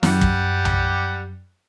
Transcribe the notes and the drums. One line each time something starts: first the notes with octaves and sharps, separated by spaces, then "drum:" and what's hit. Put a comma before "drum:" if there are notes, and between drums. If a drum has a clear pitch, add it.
F#2 G3 G4 F#5, drum: snare
drum: kick
drum: tom B1